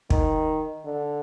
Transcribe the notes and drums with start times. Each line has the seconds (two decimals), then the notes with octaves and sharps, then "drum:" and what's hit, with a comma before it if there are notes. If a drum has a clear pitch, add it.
0.10 D#3, drum: kick
0.85 D3